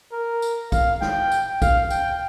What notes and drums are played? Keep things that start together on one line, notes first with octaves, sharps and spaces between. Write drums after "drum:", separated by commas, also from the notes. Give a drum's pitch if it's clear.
A#4
drum: tambourine
F5, drum: kick A#1, tambourine
G5, drum: snare
drum: tambourine
F5, drum: kick A#1, tambourine
G5, drum: tambourine